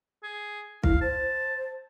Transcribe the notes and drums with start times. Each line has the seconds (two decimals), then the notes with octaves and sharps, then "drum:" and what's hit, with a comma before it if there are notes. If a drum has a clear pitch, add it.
0.23 G#4
0.83 E4 F5, drum: kick
1.01 C5 A5